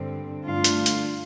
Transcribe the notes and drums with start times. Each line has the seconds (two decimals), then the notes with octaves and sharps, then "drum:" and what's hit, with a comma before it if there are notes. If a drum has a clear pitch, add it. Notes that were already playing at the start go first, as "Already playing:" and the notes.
Already playing: G2 D3 G3 C4
0.46 G2 D3 A3 D4 F4
0.64 drum: hi-hat
0.86 drum: hi-hat